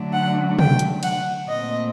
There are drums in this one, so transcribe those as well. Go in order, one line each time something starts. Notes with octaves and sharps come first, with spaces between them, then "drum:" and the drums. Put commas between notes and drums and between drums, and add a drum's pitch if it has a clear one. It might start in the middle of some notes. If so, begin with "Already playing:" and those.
Already playing: D3 F#3 A3 D4
F#5
G5, drum: tom
drum: hi-hat
F#5, drum: cymbal
A#2 A3 C4 D#5